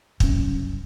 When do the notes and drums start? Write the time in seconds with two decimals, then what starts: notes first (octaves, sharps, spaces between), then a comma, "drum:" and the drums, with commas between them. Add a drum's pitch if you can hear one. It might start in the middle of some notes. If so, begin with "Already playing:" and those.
0.20 F#1 C2 F#2 C#4, drum: kick